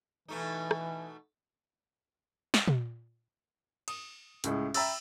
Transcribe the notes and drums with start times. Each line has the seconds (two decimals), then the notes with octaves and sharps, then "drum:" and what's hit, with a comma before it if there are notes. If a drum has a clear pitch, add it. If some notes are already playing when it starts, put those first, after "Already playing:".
0.28 B2 E3 A3 D#4
0.71 drum: rim click
2.54 drum: snare
2.68 drum: tom
3.88 D#6, drum: cymbal
4.44 C#2 A2 G#3, drum: hi-hat
4.74 E5 G5 A#5 B5 E6 A6, drum: cymbal